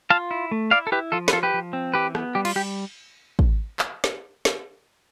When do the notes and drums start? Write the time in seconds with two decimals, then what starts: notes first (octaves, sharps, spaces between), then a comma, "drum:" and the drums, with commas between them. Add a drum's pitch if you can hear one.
0.10 F4 F5 A5
0.31 E4
0.51 A3
0.71 E4 D5 F5
0.87 A4
0.92 E4 G4 B4
1.12 F3 F4 A4
1.28 B4, drum: snare
1.33 F3 F4 A4
1.43 G4 B4
1.54 F3
1.73 C4
1.94 E3 G4 B4
2.15 B3, drum: rim click
2.35 G3 G4
2.45 F4, drum: cymbal
2.56 G3 G4
3.39 drum: kick
3.79 drum: clap
4.04 drum: snare
4.45 drum: snare